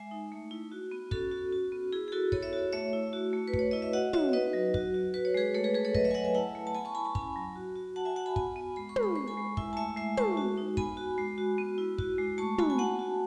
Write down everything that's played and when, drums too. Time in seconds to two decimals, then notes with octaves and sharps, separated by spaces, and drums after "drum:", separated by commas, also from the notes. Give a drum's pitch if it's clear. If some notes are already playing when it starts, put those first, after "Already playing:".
Already playing: G#3 E5 G#5
0.11 D#4
0.32 A3
0.51 E4
0.72 F#4
0.91 B3
1.11 C#4 F#4 A4, drum: kick
1.31 F#4
1.52 F#4
1.72 B3
1.93 E4 G#4
2.08 G#4
2.12 E4 F#4 A4
2.32 B3 A4 C#5, drum: kick
2.42 C#5 E5
2.53 F#4
2.73 A3 C#5 E5
2.93 E4
3.13 F#4
3.33 A3
3.48 B4
3.54 A3, drum: kick
3.59 C#5
3.71 E4 D#5
3.82 E5
3.93 F#4 D#5 F#5
4.13 F#4 C#5 E5, drum: tom
4.33 D#4 B4 D#5
4.53 F#3
4.74 F#4, drum: kick
4.94 F#4
5.14 F#4 B4
5.25 C#5
5.34 G#3 G#4 B4
5.54 A3 A4 C#5
5.64 G#4 B4
5.74 A3 G#4 B4
5.85 A4 C#5
5.94 F#3 B4 D#5, drum: kick
6.04 C#5 E5
6.11 G#5
6.14 F#3 D#5 F#5
6.25 E5 G#5
6.35 E4 F#5 A5
6.55 A3
6.67 A5
6.75 B3 G#5 B5
6.85 A5 C#6
6.95 E4 G#5 B5
7.05 A5 C#6
7.15 C#4 G#5 B5, drum: kick
7.36 F#3
7.56 F#4
7.76 F#4
7.96 F#4 F#5 A5
8.05 E5 G#5
8.16 F#4 F#5 A5
8.26 G#5 B5
8.36 B3 G#5 B5, drum: kick
8.56 B3
8.76 G#3 B5
8.89 C#6
8.96 G#3, drum: tom
9.03 B5
9.16 G#3 C#6
9.27 G#5 B5
9.37 G#3
9.57 E4 E5 G#5, drum: kick
9.73 A5
9.76 A3 E5 G#5
9.96 G#3 E5 G#5
10.17 G#3 A5 C#6, drum: tom
10.37 F#4
10.58 D#4
10.77 B3 G#5 B5, drum: kick
10.97 F#4
11.18 G#3
11.38 F#4
11.58 B3
11.78 E4
11.98 F#4, drum: kick
12.18 G#3
12.38 A3 A5 C#6
12.58 F#4 G#5 B5, drum: tom
12.70 G#5
12.78 B3 F#5 A5
12.99 F#4